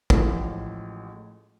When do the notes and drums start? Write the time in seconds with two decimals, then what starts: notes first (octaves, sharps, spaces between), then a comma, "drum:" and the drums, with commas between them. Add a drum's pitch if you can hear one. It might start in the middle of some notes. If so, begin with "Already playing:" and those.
0.10 A1 A2 F3 G#3, drum: kick